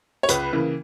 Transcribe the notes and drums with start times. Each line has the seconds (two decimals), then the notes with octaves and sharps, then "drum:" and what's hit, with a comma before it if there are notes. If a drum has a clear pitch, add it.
0.23 C#5
0.29 C#2 B4, drum: hi-hat
0.53 C#3 E3 A#3